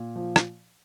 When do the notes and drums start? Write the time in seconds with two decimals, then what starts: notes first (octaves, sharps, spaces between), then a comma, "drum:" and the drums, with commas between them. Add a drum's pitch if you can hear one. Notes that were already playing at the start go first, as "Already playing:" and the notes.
Already playing: A#2
0.16 F3
0.36 drum: rim click